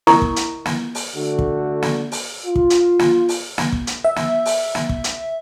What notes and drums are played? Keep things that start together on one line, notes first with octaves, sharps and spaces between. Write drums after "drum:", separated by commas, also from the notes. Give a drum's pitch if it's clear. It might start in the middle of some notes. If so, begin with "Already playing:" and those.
E4 A#4 D#5 A#5 C#6 D#6, drum: snare
drum: kick
drum: hi-hat
drum: snare
drum: open hi-hat
D3 A3 F#4
drum: kick
drum: snare
drum: open hi-hat
F4
drum: kick
drum: hi-hat
drum: snare
drum: open hi-hat
drum: snare
drum: kick
drum: hi-hat
E5
drum: snare
drum: open hi-hat
drum: snare
drum: kick
drum: hi-hat